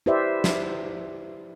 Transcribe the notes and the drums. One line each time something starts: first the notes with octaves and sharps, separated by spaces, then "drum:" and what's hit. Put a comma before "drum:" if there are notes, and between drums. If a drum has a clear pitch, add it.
E4 G4 B4 C5 D5 E5
drum: snare